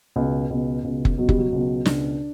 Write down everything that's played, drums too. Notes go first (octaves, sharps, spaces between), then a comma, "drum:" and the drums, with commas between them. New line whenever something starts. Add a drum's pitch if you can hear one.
C#2 B2
C#2 B2
C#2 B2
drum: kick
C#2 B2 F#3
G3, drum: kick
F#3
C#2 B2
C#2 B2 D4, drum: snare